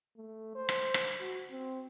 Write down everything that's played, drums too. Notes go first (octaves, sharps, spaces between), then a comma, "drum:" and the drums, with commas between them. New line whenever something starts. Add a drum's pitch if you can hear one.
A3
C5
drum: rim click
drum: rim click
F#4
C4